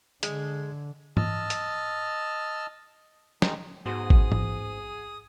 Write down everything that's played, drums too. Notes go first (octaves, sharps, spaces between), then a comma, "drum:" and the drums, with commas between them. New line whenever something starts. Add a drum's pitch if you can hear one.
D3 G#3, drum: hi-hat
D#5 A5 E6 F6, drum: tom G#2
drum: hi-hat
D#3 G#3 D#4, drum: snare
G#2 B3 F#4 G#4 C5 D#6
drum: kick G#1
drum: tom G#2